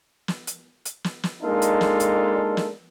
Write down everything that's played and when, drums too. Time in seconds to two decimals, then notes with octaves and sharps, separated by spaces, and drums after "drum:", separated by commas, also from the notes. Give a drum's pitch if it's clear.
0.28 drum: snare
0.47 drum: hi-hat
0.85 drum: hi-hat
1.04 drum: snare
1.23 drum: snare
1.43 G#3 A#3 D4 D#4 F4 A4
1.62 drum: hi-hat
1.81 drum: snare
2.00 drum: hi-hat
2.57 drum: snare